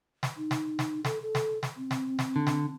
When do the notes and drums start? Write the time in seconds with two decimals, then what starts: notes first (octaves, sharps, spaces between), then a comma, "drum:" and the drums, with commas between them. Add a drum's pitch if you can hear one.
0.23 drum: snare
0.37 D#4
0.51 drum: snare
0.79 drum: snare
1.05 A4, drum: snare
1.22 A4
1.35 drum: snare
1.63 drum: snare
1.77 C4
1.91 drum: snare
2.19 drum: snare
2.36 D3
2.47 drum: snare